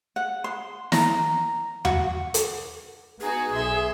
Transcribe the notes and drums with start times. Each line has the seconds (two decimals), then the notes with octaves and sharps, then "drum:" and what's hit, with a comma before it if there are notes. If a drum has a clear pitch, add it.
0.16 F#5
0.44 C6
0.92 A#5, drum: snare
1.85 F#4, drum: tom E2
2.34 drum: hi-hat
3.21 B3 D#4 F#4 G#4
3.53 B1 E5 C6